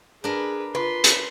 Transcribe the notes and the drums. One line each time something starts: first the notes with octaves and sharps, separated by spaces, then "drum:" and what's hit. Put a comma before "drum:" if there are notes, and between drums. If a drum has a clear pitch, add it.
D4 G#4 A#4 B4
F4 B4 C6
drum: hi-hat